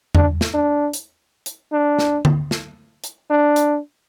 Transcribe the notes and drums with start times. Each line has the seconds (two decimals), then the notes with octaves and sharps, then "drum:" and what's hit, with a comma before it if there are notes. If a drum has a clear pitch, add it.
0.15 D4, drum: tom E2
0.41 drum: snare
0.54 D4
0.93 drum: hi-hat
1.46 drum: hi-hat
1.72 D4
1.99 drum: snare
2.25 drum: tom D3
2.51 drum: snare
3.04 drum: hi-hat
3.30 D4
3.56 drum: hi-hat